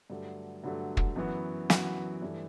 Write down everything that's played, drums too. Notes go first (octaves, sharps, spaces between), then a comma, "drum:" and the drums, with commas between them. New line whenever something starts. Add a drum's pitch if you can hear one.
G2 D3 F#3 A3
G2 D3 F#3 A3
drum: kick
F#2 E3 B3 F#4
F#2 E3 B3 F#4, drum: snare
G2 E3 A3